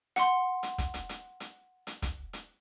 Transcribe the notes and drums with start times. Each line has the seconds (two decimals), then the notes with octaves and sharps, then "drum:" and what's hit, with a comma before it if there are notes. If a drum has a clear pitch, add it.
0.16 F#5 C6, drum: hi-hat
0.63 drum: hi-hat
0.78 drum: kick, hi-hat
0.94 drum: hi-hat
1.09 drum: hi-hat
1.40 drum: hi-hat
1.87 drum: hi-hat
2.02 drum: kick, hi-hat
2.33 drum: hi-hat